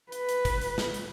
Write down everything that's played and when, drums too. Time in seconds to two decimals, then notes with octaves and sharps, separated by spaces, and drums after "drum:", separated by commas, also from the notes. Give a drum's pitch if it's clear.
0.12 B4, drum: hi-hat
0.29 drum: hi-hat
0.45 drum: kick, hi-hat
0.61 drum: hi-hat
0.78 drum: snare
0.94 drum: hi-hat